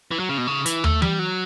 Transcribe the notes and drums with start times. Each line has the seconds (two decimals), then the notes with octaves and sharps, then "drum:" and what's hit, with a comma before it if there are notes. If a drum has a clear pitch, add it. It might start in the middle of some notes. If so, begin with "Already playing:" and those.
0.11 E3
0.19 F#3
0.29 C#3
0.38 B2
0.47 C#3
0.66 E3, drum: hi-hat
0.84 A3, drum: tom
1.02 G3, drum: tom E3
1.19 F#3